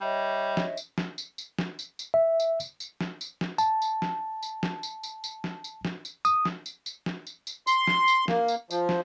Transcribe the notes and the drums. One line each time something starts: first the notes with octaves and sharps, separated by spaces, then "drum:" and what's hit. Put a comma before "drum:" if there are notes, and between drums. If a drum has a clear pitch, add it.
G3 C#5 D#5 E5
drum: snare
drum: tambourine
drum: snare
drum: tambourine
drum: tambourine
drum: snare
drum: tambourine
drum: tambourine
E5
drum: tambourine
drum: tambourine
drum: tambourine
drum: snare
drum: tambourine
drum: snare
A5, drum: tambourine
drum: tambourine
drum: snare
drum: tambourine
drum: snare
drum: tambourine
drum: tambourine
drum: tambourine
drum: snare
drum: tambourine
drum: snare
drum: tambourine
D#6, drum: tambourine
drum: snare
drum: tambourine
drum: tambourine
drum: snare
drum: tambourine
drum: tambourine
C6, drum: tambourine
drum: snare
drum: tambourine
A#3, drum: snare
drum: tambourine
F3, drum: tambourine
drum: snare